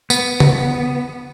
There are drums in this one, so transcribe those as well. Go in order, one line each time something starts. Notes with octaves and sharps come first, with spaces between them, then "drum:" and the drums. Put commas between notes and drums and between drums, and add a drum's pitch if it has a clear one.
B3, drum: tambourine
drum: tom